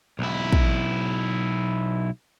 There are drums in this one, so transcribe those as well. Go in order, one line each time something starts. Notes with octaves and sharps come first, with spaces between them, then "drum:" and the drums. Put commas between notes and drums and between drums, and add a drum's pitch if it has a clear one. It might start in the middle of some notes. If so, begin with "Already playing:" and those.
B1 E4
drum: kick